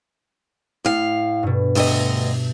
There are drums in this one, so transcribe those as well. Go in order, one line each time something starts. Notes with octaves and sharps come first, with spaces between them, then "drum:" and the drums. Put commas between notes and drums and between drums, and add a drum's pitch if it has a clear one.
A2 F5
G2 B2
D2 G2 D#5 E5, drum: open hi-hat